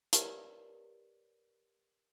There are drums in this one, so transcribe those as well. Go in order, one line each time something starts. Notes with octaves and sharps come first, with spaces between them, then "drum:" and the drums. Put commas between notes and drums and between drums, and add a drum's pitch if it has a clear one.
G4 A#4 B4 C#5 D5, drum: hi-hat